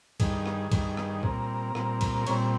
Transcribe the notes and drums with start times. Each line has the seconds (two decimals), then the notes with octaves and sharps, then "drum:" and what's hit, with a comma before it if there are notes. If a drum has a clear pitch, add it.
0.20 G2 D#3 G3 G#4, drum: kick C#2, cymbal
0.46 drum: rim click
0.72 G2 D#3 G3, drum: kick C#2, cymbal
0.97 drum: rim click
1.23 A#2 G3 C4 A#4, drum: kick C#2
1.75 A#2 G3 C4, drum: rim click
2.01 drum: kick C#2, cymbal
2.27 A#2 G3 C4 C#5, drum: cymbal